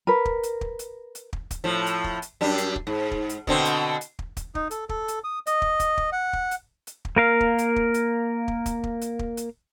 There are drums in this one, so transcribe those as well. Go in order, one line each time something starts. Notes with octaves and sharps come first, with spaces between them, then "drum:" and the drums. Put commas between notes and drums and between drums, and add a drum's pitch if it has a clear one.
A#4 B4
drum: kick
drum: hi-hat
drum: kick
drum: hi-hat
drum: hi-hat
drum: kick
drum: kick, hi-hat
A2 F3
drum: hi-hat
drum: kick
drum: hi-hat
F#2 G3 D4
drum: hi-hat
drum: kick
G#2
drum: kick
drum: hi-hat
B2 D3 C4, drum: kick
drum: hi-hat
drum: hi-hat
drum: kick
drum: kick, hi-hat
D#4, drum: kick
A4, drum: hi-hat
A4, drum: kick
drum: hi-hat
D#6
D#5, drum: hi-hat
drum: kick
drum: kick, hi-hat
drum: kick
F#5
drum: kick
drum: hi-hat
drum: hi-hat
drum: kick
A#3 A#4 F5
drum: kick
drum: hi-hat
drum: kick
drum: hi-hat
drum: kick
drum: kick, hi-hat
drum: kick
drum: hi-hat
drum: kick
drum: hi-hat